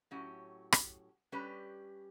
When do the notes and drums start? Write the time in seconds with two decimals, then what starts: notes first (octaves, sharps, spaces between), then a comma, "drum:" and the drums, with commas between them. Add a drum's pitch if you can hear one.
0.11 A2 F#3 C#4 G4
0.72 drum: rim click
1.32 G3 C#4 G4 B4